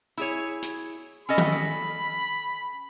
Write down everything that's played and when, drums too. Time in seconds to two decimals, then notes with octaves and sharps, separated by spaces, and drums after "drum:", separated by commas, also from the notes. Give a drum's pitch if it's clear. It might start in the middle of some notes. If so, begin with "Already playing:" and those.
0.17 E4 G#4 C#5
0.63 drum: hi-hat
1.29 C#4 A4 D#5 B5
1.38 drum: tom D#3
1.53 drum: rim click